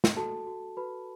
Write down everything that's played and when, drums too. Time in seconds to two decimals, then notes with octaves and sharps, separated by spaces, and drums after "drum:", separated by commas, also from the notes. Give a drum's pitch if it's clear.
0.04 drum: snare
0.17 F#4 A4 A5
0.47 F#4
0.77 F#4 B4 B5